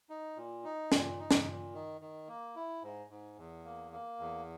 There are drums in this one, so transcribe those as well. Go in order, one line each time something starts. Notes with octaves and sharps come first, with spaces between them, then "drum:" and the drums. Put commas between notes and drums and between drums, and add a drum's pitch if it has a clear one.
D#4
A#2
D#4
A#2, drum: snare
D#4
drum: snare
A#2
D#3
D#3
A#3
E4
G#2
G#2
E2
A#3
A#3
E2